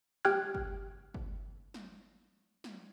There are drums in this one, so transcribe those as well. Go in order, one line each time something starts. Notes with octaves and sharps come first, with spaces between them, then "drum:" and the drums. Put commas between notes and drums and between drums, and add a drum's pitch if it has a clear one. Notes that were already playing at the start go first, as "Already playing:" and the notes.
G4 G5 F6 F#6 G#6, drum: snare
drum: kick
drum: kick
drum: snare
drum: snare